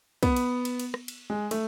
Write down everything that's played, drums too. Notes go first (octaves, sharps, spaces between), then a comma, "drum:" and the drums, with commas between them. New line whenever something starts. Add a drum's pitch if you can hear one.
B3, drum: kick, cymbal
drum: cymbal
drum: cymbal
drum: cymbal
drum: rim click
drum: cymbal
G#3
A3, drum: cymbal